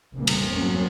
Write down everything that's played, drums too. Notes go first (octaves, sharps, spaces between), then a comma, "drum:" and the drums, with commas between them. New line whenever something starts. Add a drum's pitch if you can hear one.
F1 A#1 C#3 E3 G3 A#3
drum: cymbal
E2 G2 F#3 A#3 C4 C#4